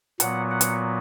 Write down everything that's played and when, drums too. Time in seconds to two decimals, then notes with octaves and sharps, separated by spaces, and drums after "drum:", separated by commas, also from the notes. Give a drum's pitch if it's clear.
0.20 A#2 F#3 B3 F#5, drum: hi-hat
0.51 F#5
0.61 drum: hi-hat